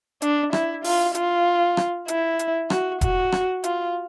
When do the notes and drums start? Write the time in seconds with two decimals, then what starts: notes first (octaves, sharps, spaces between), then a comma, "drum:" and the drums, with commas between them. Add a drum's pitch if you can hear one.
0.22 D4, drum: hi-hat
0.53 E4, drum: rim click
0.84 F4, drum: open hi-hat
1.15 F4, drum: hi-hat
1.77 drum: rim click
2.08 E4, drum: hi-hat
2.39 drum: hi-hat
2.70 F#4, drum: rim click
3.01 F#4, drum: kick E1, hi-hat
3.32 drum: rim click
3.64 F4, drum: hi-hat